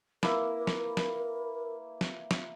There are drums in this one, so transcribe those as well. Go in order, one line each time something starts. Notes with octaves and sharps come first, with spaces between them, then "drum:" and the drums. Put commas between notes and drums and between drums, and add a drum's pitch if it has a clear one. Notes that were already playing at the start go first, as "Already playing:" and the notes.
A#3 E4 A#4 B4, drum: snare
drum: snare
drum: snare
drum: snare
drum: snare